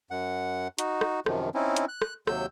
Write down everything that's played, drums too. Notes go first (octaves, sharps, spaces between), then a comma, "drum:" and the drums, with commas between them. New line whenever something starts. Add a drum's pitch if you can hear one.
F#2 F#5
D#4 F#4, drum: hi-hat
drum: rim click
F#2 C3 D#3 F3, drum: rim click
C4 C#4 D#4 E4
drum: hi-hat
F#6
drum: rim click
D#2 C3 F#3 E6 G6, drum: rim click